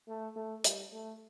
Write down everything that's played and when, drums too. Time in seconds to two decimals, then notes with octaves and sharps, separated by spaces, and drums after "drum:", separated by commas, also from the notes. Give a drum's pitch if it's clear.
0.08 A3
0.36 A3
0.64 G3, drum: hi-hat
0.93 A3